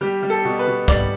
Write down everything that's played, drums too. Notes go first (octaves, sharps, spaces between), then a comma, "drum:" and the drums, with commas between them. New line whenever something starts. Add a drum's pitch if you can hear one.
G3 G4
G3
A4
B2
B4
B2
G3 D5, drum: kick